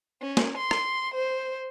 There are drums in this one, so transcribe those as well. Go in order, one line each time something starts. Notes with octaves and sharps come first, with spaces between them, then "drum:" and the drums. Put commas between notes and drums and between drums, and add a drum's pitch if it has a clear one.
C#4
drum: snare
C6
drum: rim click
C5